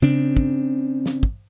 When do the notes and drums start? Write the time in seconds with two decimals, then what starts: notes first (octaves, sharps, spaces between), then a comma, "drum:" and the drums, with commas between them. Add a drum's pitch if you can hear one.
0.02 C#3 C4 D4
0.37 drum: kick
1.06 drum: snare
1.23 drum: kick